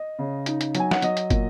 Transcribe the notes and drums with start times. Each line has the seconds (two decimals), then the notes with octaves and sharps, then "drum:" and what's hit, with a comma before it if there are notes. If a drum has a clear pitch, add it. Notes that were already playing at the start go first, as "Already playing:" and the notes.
Already playing: D#5
0.19 C#3
0.46 D#4, drum: hi-hat
0.61 drum: hi-hat
0.75 F#3 G#5, drum: hi-hat
0.91 F#5, drum: snare
1.02 F#3 D#5, drum: hi-hat
1.17 drum: hi-hat
1.30 A#2, drum: kick, hi-hat